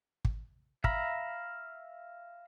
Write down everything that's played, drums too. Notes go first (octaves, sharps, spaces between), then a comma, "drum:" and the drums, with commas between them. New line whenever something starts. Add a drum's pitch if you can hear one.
drum: kick
E5 F5 A#5 B5, drum: kick